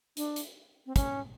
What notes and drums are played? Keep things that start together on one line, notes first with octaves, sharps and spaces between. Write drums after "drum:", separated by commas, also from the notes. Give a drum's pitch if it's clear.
D4, drum: hi-hat
drum: hi-hat
C4
C#4, drum: kick, hi-hat